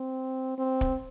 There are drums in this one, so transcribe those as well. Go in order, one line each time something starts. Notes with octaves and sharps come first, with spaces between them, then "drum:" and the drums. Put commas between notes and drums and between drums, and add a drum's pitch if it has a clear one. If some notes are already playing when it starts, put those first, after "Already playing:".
Already playing: C4
C4
drum: kick